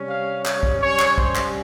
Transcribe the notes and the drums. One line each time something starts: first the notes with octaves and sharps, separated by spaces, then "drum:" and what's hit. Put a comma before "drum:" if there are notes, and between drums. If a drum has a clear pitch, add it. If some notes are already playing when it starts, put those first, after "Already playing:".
Already playing: C3 G3 C#4
F5
C#5, drum: clap
drum: kick
C3 G3 C#4 C#5
drum: clap
C5, drum: kick
drum: clap